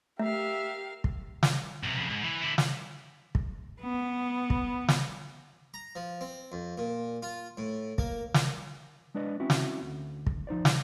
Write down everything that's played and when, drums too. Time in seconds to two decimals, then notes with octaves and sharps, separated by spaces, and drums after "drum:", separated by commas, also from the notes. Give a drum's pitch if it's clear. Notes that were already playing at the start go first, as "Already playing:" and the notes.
0.19 A3 G4 A#4 E5 F5
1.04 drum: kick
1.43 drum: snare
1.83 B1 C3
1.97 F2 C#3
2.09 G#2
2.23 E3
2.41 D3 E4
2.58 drum: snare
3.35 drum: kick
3.81 B3
4.50 drum: kick
4.88 drum: snare
5.74 A#5
5.96 F3
6.21 C4
6.52 F2
6.78 A#2
7.23 F4
7.58 A2
7.98 A#3, drum: kick
8.34 drum: snare
9.15 G#3 D4 B4 D5 D#5
9.40 C4 C#4 E4 F#4
9.50 drum: snare
9.82 D2
10.27 drum: kick
10.47 F3 D#4 C5 D5
10.65 drum: snare